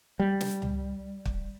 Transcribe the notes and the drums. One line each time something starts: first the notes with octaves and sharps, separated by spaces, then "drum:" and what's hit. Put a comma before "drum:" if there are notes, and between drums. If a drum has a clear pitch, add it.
G3
drum: snare
drum: tom C#2
drum: kick